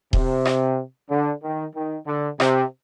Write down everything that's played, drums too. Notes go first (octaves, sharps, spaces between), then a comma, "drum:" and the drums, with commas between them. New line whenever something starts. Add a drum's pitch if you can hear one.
C3, drum: kick D#1
drum: rim click
D3
D#3
D#3
D3
C3, drum: rim click